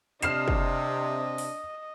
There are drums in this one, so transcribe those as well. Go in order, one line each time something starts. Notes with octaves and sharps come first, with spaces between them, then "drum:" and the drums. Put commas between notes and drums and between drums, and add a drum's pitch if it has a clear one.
C3 D4 D#5 F6 C7 E7, drum: hi-hat
drum: kick
drum: open hi-hat